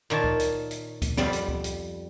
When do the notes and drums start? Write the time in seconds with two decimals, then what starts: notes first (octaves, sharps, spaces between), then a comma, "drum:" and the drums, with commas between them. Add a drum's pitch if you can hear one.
0.10 A#2 D#3 C#5 A5
0.24 drum: kick C#2
0.40 drum: hi-hat
0.71 drum: hi-hat
1.02 drum: kick C#2, hi-hat
1.17 F2 G3 B3 C6, drum: snare
1.33 drum: hi-hat
1.49 drum: kick C#2
1.64 drum: hi-hat